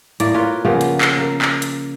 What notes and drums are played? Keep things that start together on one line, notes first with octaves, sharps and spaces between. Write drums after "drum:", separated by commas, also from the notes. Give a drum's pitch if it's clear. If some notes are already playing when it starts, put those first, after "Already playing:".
A2 A#3 D5, drum: hi-hat
F4 A#4 B4 C#5
C#3 F3 A#3 B3
drum: hi-hat
drum: clap
A#4
drum: clap
drum: hi-hat